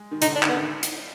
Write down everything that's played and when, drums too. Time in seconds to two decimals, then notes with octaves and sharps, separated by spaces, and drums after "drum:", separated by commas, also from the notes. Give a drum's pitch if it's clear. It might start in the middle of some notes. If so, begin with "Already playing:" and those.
Already playing: G#3
0.11 D#3
0.22 D3 D#4, drum: hi-hat
0.35 D4
0.43 D#3, drum: clap
0.49 B3
0.56 D#3
0.83 drum: hi-hat